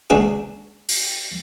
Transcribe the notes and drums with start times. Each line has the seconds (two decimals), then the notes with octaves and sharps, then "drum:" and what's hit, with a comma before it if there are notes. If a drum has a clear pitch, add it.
0.10 C#2 D4 F#4 G#4
0.88 drum: open hi-hat